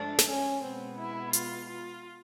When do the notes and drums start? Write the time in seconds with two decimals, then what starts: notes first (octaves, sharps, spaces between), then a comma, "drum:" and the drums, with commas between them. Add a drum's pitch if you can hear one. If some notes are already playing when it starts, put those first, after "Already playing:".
Already playing: G#2 F3 A3 D4
0.19 drum: snare
0.28 C#4
0.62 B2 G#3 B3 C4
0.98 E4
1.33 F4, drum: hi-hat
1.69 F4